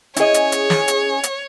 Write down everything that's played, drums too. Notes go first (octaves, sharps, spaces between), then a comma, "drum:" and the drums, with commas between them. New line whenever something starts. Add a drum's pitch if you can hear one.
C#4 E4 G#4 C#5 D#5, drum: hi-hat
drum: hi-hat
drum: hi-hat
drum: snare
drum: hi-hat
drum: hi-hat